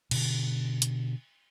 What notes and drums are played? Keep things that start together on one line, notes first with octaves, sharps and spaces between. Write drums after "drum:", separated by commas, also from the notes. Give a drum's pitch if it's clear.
B2 D3, drum: cymbal
drum: hi-hat